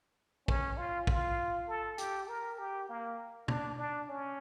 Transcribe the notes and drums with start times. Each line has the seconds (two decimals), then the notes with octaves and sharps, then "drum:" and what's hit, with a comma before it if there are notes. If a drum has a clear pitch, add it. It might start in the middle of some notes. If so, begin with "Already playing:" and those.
0.48 C#4, drum: kick
0.77 F4
1.07 F4, drum: kick
1.68 A4
1.98 G4, drum: hi-hat
2.28 A#4
2.59 G4
2.89 A#3
3.48 D4, drum: tom
3.79 D4
4.09 C#4